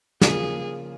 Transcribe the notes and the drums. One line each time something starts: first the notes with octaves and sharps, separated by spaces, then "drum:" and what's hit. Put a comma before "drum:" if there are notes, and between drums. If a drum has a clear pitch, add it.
C#3 F3 A#3 F4 G#4 A#4, drum: snare